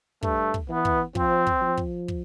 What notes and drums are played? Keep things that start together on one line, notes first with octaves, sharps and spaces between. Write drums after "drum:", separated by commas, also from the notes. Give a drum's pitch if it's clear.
G2 A3, drum: kick
drum: kick
E3 B3
drum: kick
F3 C4, drum: kick
drum: kick
F3
drum: kick
drum: kick